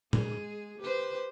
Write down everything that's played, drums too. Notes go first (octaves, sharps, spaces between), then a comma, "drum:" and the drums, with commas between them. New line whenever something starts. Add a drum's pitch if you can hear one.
G#3 G#4, drum: tom
G4 B4 C5